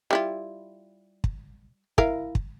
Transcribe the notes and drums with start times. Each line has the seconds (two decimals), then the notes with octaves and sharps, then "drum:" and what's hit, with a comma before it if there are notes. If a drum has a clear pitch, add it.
0.11 G3 E4 F4
1.24 drum: kick
1.98 E4 A#4 F5, drum: kick
2.35 drum: kick